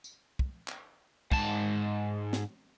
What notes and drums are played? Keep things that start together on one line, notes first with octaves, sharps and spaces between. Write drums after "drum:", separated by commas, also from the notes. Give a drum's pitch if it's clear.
drum: tambourine
drum: kick
drum: clap
G#2 A5, drum: kick
drum: snare